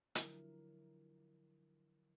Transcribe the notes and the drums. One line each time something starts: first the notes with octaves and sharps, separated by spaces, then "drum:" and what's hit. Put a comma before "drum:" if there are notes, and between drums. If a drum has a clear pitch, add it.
D3 F3 F#3 E4 A#4, drum: hi-hat